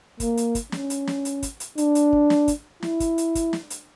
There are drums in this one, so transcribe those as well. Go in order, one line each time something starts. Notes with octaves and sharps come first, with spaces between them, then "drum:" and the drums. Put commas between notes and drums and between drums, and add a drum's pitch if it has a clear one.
A#3, drum: kick, hi-hat
drum: hi-hat
drum: kick, hi-hat
C#4, drum: snare
drum: hi-hat
drum: snare
drum: hi-hat
drum: kick, hi-hat
drum: hi-hat
D4, drum: hi-hat
drum: hi-hat
drum: kick
drum: snare
drum: kick, hi-hat
E4, drum: snare
drum: kick, hi-hat
drum: hi-hat
drum: kick, hi-hat
drum: snare
drum: hi-hat